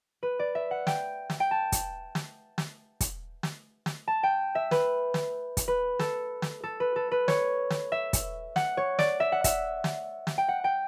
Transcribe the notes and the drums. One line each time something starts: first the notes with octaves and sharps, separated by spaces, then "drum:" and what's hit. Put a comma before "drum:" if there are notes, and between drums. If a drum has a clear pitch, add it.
B4
D5
E5
F#5
G5, drum: snare
drum: snare
G5
A5
drum: kick, hi-hat
drum: snare
drum: snare
drum: kick, hi-hat
drum: snare
drum: snare
A5
G5
E5
B4, drum: snare
drum: snare
drum: kick, hi-hat
B4
A4, drum: snare
drum: snare
A4
B4
A4
B4
C#5, drum: snare
drum: snare
E5
drum: kick, hi-hat
F#5, drum: snare
C#5
D5, drum: snare
E5
F#5
E5, drum: kick, hi-hat
drum: snare
drum: snare
G5
F#5
G5